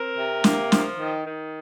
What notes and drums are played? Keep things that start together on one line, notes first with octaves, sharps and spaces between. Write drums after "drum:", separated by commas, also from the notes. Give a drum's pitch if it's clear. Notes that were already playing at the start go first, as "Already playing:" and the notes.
Already playing: C4 A#4
C3
A#3, drum: snare
F3, drum: snare
D#3
D#3